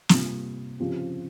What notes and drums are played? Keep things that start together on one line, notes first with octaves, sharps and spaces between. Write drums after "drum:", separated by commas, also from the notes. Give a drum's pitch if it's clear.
C3 G3 A#3 F4, drum: snare
C#3 F3 C4 G4